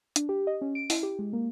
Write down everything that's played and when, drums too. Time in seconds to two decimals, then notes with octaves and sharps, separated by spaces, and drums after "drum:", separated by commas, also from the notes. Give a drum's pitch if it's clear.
0.16 D4, drum: hi-hat
0.29 G4
0.47 D#5
0.62 C#4
0.75 D7
0.90 E4, drum: open hi-hat
1.03 G4
1.19 G#3
1.33 A#3